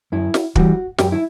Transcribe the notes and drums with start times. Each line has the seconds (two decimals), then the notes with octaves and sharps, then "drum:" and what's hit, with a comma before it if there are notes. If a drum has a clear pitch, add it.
0.12 F#2 E4
0.34 drum: snare
0.55 E3 G3 F#4, drum: kick
0.98 F#2 G4, drum: snare
1.12 E4